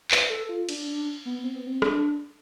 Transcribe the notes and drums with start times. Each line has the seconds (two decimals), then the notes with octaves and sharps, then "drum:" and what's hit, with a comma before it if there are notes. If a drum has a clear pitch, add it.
0.11 B4, drum: clap
0.22 B4
0.30 A4
0.49 F4
0.69 D4, drum: cymbal
0.88 D4
1.25 B3
1.44 C4
1.55 B3
1.67 C4
1.82 D4, drum: rim click